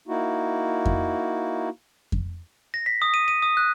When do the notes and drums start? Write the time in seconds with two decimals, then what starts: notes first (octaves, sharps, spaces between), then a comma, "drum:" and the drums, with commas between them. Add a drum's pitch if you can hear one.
0.08 A#3 D#4 E4 F#4
0.86 drum: kick F2
2.12 drum: kick F2
2.74 A#6
2.86 B6
3.02 D#6
3.14 D#7
3.28 D#7
3.42 D#6
3.57 F#6